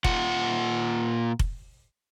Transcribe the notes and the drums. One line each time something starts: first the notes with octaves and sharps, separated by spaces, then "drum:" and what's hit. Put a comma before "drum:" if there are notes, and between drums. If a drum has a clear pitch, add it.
A#2 F4 F#5, drum: kick F1
drum: kick F1